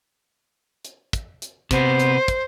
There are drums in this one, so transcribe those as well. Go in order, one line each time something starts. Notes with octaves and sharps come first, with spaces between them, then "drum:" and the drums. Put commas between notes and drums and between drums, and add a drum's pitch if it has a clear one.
drum: hi-hat
drum: kick, hi-hat
drum: hi-hat
C3 B3 C5, drum: kick, hi-hat
drum: hi-hat
drum: kick, hi-hat